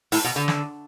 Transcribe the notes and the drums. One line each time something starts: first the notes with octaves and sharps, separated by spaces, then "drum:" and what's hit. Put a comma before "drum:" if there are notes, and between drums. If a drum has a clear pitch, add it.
A2, drum: open hi-hat
B2
D3
drum: snare